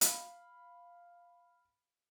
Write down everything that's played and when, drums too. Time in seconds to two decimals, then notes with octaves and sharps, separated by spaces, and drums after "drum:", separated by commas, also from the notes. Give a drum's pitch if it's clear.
0.01 F5 B5, drum: hi-hat